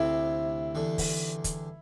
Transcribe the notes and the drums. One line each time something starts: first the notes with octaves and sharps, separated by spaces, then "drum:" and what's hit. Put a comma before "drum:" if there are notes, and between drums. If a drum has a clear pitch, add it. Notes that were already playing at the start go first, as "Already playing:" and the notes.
Already playing: D2 C3 G3 C4 E4
E2 D3 G3
drum: kick, open hi-hat
drum: kick, hi-hat